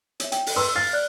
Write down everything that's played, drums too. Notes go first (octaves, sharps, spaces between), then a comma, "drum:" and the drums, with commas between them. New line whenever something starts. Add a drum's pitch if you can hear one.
C#5 E5, drum: hi-hat
G5, drum: hi-hat
drum: open hi-hat
B4 C6 E6
F5 F6 A6 C7
D5 F#6